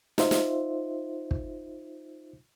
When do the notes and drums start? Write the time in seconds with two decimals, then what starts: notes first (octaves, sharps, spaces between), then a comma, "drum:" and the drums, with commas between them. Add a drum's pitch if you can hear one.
0.18 D#4 F4 C5 E5, drum: snare
0.31 drum: snare
1.31 drum: kick